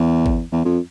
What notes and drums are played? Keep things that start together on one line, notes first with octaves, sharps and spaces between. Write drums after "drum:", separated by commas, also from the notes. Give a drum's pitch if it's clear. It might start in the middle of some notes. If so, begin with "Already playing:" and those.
Already playing: E2
drum: kick G#1
E2
F2